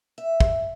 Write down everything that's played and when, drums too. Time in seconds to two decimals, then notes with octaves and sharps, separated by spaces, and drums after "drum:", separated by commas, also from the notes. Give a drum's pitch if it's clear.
0.18 E5
0.40 drum: kick